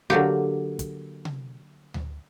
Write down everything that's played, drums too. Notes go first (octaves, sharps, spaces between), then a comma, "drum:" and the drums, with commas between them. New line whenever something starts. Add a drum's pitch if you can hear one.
D3 F#3 A#3 G4
drum: kick, hi-hat
drum: tom C3
drum: tom D2